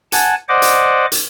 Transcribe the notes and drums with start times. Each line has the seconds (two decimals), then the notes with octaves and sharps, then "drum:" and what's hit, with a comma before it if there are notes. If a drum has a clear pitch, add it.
0.12 F#5 G#5 A5, drum: hi-hat
0.49 C5 D5 D#5 F#5 D6
0.62 drum: hi-hat
1.12 drum: hi-hat